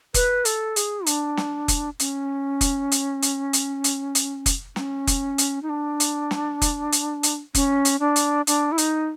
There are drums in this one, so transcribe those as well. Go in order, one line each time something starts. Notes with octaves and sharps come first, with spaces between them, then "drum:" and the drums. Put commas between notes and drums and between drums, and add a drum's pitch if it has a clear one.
B4, drum: kick F1, hi-hat
A4, drum: hi-hat
G#4, drum: hi-hat
D4, drum: hi-hat
drum: snare
drum: kick F1, hi-hat
C#4, drum: hi-hat
drum: kick F1, hi-hat
drum: hi-hat
drum: hi-hat
drum: hi-hat
drum: hi-hat
drum: hi-hat
drum: kick F1, hi-hat
C#4, drum: snare
drum: kick F1, hi-hat
drum: hi-hat
D#4
D4
drum: hi-hat
drum: snare
drum: kick F1, hi-hat
drum: hi-hat
drum: hi-hat
C#4, drum: kick F1, hi-hat
drum: hi-hat
D4
drum: hi-hat
D4, drum: hi-hat
E4
D#4, drum: hi-hat